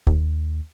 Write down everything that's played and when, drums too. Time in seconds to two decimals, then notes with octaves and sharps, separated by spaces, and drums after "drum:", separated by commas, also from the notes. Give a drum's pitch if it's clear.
0.07 D#2, drum: kick